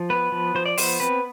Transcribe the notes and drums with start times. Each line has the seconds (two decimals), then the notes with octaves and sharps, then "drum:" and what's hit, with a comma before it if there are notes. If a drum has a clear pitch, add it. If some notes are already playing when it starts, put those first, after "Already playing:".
Already playing: F3
0.10 B3 B4
0.32 F3
0.55 F3 C5
0.66 D5
0.77 B3 C5, drum: open hi-hat
1.00 C4 B4